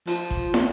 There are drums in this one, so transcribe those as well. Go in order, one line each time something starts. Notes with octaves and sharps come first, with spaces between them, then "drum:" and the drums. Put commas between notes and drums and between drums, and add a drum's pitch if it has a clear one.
F3, drum: hi-hat
drum: kick G#1
drum: snare